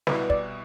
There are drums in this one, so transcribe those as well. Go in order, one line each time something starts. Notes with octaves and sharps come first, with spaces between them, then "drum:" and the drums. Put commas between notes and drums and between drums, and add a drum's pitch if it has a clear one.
C2 B2 G3 B3 E4 B4, drum: snare
D5, drum: kick